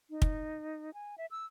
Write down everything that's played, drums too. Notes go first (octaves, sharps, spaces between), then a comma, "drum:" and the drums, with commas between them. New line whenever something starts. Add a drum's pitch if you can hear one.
D#4
drum: kick
G#5
E5
E6